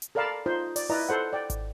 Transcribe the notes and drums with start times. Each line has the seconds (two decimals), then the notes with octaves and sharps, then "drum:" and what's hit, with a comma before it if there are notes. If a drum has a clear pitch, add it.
0.02 drum: hi-hat
0.15 A4 A#4 D5 F5 A5 B5
0.46 D#4 F4 C5
0.76 D5, drum: open hi-hat
0.90 E4 B4 D5 D#5 A#5
1.09 A4 C5 F#5
1.33 D5 G5
1.50 drum: kick G#1, hi-hat